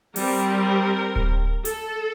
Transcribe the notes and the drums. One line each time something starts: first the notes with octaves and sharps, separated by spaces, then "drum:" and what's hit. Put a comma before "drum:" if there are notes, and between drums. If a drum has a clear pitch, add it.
G3 C4 A#4, drum: open hi-hat
drum: kick D1
A4, drum: hi-hat